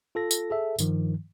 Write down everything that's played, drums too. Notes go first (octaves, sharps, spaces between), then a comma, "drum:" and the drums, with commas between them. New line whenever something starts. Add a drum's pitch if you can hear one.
F4 A4 A#6
drum: tambourine
G#4 A4 E5
G2 D#3 F3, drum: tambourine